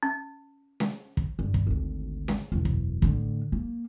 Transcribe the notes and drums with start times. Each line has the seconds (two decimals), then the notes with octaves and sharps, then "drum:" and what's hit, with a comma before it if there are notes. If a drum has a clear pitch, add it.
0.03 C#4
0.80 drum: snare C#4
1.17 drum: kick
1.39 G2
1.54 drum: kick
1.66 G#1 D2
2.28 drum: snare C#4
2.52 E1 F#2
2.65 drum: kick
3.02 A2 D3, drum: kick
3.52 A#3